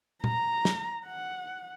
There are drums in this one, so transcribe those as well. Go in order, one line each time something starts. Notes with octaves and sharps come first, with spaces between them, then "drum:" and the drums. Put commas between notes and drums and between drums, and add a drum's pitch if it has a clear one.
A#5, drum: tom A#2
drum: snare
F#5